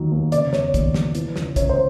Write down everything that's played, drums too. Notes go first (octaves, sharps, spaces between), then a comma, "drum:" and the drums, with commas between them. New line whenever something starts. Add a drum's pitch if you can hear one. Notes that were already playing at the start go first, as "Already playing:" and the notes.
Already playing: D#2 D#3 F#3
D#2
C#3 D5, drum: hi-hat
E1 C#5, drum: snare
D#2, drum: kick, hi-hat
F3, drum: snare
E3, drum: hi-hat
C#2, drum: snare
C#3 C#5, drum: kick, hi-hat
C5